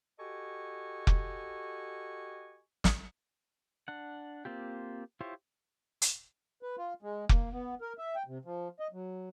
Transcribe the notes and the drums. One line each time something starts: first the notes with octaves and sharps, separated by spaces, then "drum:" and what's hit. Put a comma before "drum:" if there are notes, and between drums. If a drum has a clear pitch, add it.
F#4 G4 A4 D#5 G#5 C#6
drum: kick F1
drum: snare
D4 F#5
A#3 C4 F4 G4
E4 F4 G4 C5 C#5
drum: hi-hat
B4
F4
G#3
A#3, drum: kick F1
B3
A#4
E5
G5
C3
F3
D#5
F#3